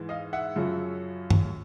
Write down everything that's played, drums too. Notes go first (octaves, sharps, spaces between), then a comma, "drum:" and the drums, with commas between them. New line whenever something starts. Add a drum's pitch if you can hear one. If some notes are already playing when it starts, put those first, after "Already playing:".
Already playing: G#2 E3
D#5 F5
E5 F#5
F#2 C#3 F3
drum: tom